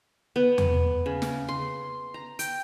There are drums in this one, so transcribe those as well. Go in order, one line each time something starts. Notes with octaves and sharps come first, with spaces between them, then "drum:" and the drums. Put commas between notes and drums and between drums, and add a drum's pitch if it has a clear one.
B3
drum: tom E2
C#3
drum: snare
C6
A#5
G5, drum: hi-hat